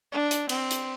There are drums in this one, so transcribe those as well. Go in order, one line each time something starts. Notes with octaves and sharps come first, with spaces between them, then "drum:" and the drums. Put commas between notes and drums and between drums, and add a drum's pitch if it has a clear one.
D4
drum: hi-hat
C4, drum: cymbal
drum: hi-hat